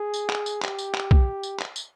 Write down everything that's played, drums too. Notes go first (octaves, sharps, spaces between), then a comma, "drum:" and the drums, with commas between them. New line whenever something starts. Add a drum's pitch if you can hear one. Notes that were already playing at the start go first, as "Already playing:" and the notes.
Already playing: G#4
drum: tambourine
drum: clap
drum: tambourine
G4, drum: clap
drum: tambourine
drum: clap
drum: kick
drum: tambourine
drum: clap
drum: tambourine